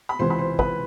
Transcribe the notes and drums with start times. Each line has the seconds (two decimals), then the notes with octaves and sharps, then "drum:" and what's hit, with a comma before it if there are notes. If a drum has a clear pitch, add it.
0.09 B5
0.19 C#2 C3 E3 C5 C6
0.30 B5
0.39 C5 C6
0.59 B4 B5, drum: kick